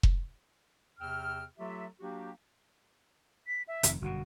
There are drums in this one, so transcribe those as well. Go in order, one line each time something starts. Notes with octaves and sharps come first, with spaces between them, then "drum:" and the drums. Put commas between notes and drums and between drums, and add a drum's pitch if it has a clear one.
drum: kick F1
E2 C3 G5 E6 F6
F#3 A3 F4 G4 A4 E5
F#3 A#3 D4 F#4 G4
B6
E5
F1 F2 D#3, drum: hi-hat
G1 F#2 B2 F#4